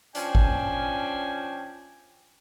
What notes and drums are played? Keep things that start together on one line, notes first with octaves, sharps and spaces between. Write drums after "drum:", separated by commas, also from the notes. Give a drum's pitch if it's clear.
F3 C#4 D4 G5 G#5, drum: hi-hat
drum: kick G#1